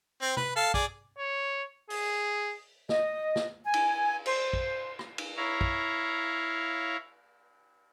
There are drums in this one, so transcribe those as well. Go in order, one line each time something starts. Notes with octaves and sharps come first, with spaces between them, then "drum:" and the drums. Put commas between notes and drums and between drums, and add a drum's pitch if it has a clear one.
C4
B4, drum: tom C3
A4 F5
G#4 D5, drum: kick
C#5
G#4, drum: open hi-hat
D#5, drum: snare
drum: snare
G#5
drum: cymbal
C5, drum: cymbal
drum: kick
drum: rim click
drum: cymbal
E4 C#5 F5 A#5
drum: kick